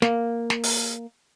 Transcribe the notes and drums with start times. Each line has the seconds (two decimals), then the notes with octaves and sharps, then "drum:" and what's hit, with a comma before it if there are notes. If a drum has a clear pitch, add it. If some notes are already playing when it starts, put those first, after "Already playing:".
0.02 A#3, drum: snare
0.50 drum: snare
0.63 drum: open hi-hat